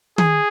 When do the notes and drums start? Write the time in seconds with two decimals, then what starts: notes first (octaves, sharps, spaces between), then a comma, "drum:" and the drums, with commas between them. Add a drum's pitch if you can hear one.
0.18 G#4, drum: tom D#3